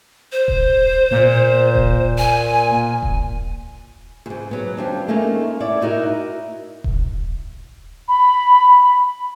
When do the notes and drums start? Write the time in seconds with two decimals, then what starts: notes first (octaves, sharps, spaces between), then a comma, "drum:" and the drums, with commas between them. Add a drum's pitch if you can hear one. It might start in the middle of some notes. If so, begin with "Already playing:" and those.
0.32 C5
0.48 drum: kick D#1
1.11 A#2
1.75 drum: kick D#1
2.18 G#5
3.03 drum: kick D#1
4.26 E2 G#2
4.51 F#3 B3
4.77 F3 G3 D4
5.08 A3 A#3 C#4 D#4 F4
5.60 E4 C#5 D5
5.81 D#4 E4 F#4 A#4
6.84 drum: kick D#1
8.08 B5